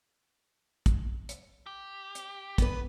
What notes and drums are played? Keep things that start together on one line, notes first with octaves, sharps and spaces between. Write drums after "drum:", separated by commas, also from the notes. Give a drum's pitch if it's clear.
drum: kick, hi-hat
drum: hi-hat
G4
drum: hi-hat
B3 B4, drum: kick, hi-hat